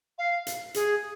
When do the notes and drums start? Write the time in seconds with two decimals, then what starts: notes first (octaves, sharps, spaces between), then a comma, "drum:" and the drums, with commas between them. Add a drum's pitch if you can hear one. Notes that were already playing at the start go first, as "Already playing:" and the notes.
0.18 F5
0.47 drum: hi-hat
0.74 G#4, drum: hi-hat